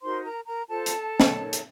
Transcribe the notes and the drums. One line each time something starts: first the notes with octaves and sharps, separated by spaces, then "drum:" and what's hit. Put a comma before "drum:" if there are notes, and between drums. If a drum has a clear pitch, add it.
D#4 F#4 A#4 C5 C6
A#4 A#5
A#4 A#5
F4 A4 C5 A5
drum: hi-hat
drum: snare
D#4 A#4 C#5
drum: hi-hat